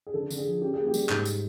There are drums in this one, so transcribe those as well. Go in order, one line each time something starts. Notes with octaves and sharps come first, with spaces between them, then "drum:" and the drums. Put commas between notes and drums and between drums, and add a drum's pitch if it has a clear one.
G#4
D3 A4
D3, drum: tambourine
G#4
F3
C#4 G4
A#3 G#4
G4
G3, drum: tambourine
G#2, drum: clap
drum: tambourine